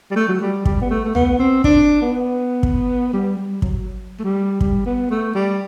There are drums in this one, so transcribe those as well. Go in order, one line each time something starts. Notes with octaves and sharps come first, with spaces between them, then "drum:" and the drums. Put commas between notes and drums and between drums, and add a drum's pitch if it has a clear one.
G3
A3
F#3
G3
G3, drum: kick
B3
A3
A3
B3, drum: tom B1
C4
D4, drum: kick
B3
drum: kick
G3
G3
F#3, drum: kick
A3
G3
G3, drum: kick
B3
A3
G3